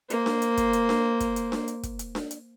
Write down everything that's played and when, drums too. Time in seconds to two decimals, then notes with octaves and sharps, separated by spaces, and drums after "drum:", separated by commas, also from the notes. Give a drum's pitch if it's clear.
0.10 A#3 C5, drum: hi-hat
0.26 drum: snare D4
0.42 drum: hi-hat
0.57 drum: kick, hi-hat
0.73 drum: hi-hat
0.89 drum: snare D4
1.20 drum: kick, hi-hat
1.36 drum: hi-hat
1.52 drum: snare D4
1.68 drum: hi-hat
1.83 drum: kick, hi-hat
1.99 drum: hi-hat
2.15 drum: snare D4
2.31 drum: hi-hat